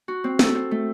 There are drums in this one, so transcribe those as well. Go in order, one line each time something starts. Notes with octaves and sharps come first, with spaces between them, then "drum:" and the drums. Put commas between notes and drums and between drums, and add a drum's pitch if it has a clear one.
F#4
C4
A4, drum: snare
C4
A3